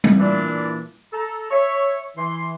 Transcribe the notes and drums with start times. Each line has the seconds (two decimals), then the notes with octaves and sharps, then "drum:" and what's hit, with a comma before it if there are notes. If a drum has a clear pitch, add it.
0.04 drum: tom G3
0.18 A#2 E3 D4
1.13 A4 A#5
1.50 C#5 E5
2.17 E3 C6